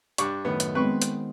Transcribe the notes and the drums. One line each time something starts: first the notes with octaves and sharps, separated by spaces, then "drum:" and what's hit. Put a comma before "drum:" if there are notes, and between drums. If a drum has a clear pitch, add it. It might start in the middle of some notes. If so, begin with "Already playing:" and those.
G2 D4 C#6, drum: hi-hat
F#2 A2 D#3 B3
drum: hi-hat
G#3 B3 C4 B4 C#6
drum: hi-hat